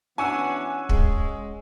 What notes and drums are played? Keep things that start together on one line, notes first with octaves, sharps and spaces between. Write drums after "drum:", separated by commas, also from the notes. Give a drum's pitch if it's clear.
E3 B3 C#4 D4 F#4 G#5 E6
G#3, drum: kick